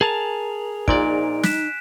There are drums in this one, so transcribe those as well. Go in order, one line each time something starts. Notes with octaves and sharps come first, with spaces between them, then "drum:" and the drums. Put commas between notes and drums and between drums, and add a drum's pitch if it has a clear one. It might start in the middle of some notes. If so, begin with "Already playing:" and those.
G#4 A#4 G#5 A5 F7
A#1 A#2 D#4 D5 D7, drum: kick
F#6 B6 E7, drum: snare